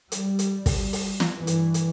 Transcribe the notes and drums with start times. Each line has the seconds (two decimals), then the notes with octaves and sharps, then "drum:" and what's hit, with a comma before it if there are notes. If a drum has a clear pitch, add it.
0.12 G3, drum: hi-hat
0.39 drum: hi-hat
0.66 drum: kick, open hi-hat
0.93 drum: open hi-hat
1.20 drum: snare
1.36 G2 E3
1.47 drum: hi-hat
1.74 drum: hi-hat